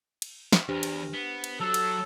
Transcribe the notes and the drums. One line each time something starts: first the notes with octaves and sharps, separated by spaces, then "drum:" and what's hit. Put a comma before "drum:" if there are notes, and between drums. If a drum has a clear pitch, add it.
drum: cymbal
drum: snare
E2 D4 G4 C5
drum: cymbal
B3
drum: cymbal
F#3 A4
drum: cymbal